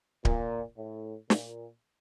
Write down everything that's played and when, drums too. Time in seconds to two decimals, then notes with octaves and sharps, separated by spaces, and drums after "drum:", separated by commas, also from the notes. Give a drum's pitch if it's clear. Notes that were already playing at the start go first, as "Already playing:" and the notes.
0.25 A#2, drum: kick D1
0.78 A2
1.30 A#2, drum: snare